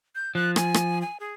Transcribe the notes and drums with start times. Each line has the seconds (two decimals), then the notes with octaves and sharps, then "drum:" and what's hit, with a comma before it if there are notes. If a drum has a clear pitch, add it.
0.15 G6
0.35 F3 F#6
0.56 G#5, drum: rim click
0.74 drum: rim click
1.02 G#5
1.20 G#4